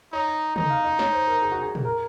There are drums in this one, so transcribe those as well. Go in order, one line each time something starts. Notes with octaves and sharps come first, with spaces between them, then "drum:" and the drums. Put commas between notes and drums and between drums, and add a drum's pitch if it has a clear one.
D#4 C#5
D#4 D#5, drum: tom
F5
D#5
C#5, drum: snare
C5
A#4
G#4
F#4
G#4
drum: tom
A#4